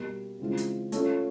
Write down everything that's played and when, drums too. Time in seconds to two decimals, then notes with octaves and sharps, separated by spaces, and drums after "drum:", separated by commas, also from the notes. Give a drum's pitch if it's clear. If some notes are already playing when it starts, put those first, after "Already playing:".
Already playing: B2 G3 A#3
0.40 C#3 E3 G#3 C4 F4
0.57 drum: hi-hat
0.92 A3 C#4 F4 A4, drum: hi-hat